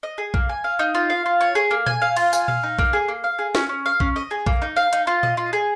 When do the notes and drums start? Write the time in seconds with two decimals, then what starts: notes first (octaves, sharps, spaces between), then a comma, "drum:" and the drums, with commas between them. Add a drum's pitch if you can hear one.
0.03 D#5
0.18 G#4
0.34 A#3, drum: kick A#1
0.49 G#5
0.64 F5
0.79 D#4
0.95 F4
1.10 F5
1.26 F4
1.41 C#5
1.55 G#4
1.71 A#3
1.86 G#5, drum: tom A#2
2.02 F5
2.17 F4, drum: cymbal
2.33 G#5, drum: tambourine
2.48 F5, drum: tom A#2
2.63 D#4
2.79 A#3, drum: kick A#1
2.93 G#4
3.08 A#3
3.24 F5
3.39 G#4
3.55 C#4, drum: snare
3.69 C#4
3.86 F5
4.00 C#4, drum: kick A#1
4.16 D#5
4.31 G#4
4.46 A#3, drum: kick A#1
4.62 D#4
4.77 F5
4.93 D#4, drum: hi-hat
5.07 F4
5.23 D#5, drum: tom A#2
5.37 F4
5.53 G#4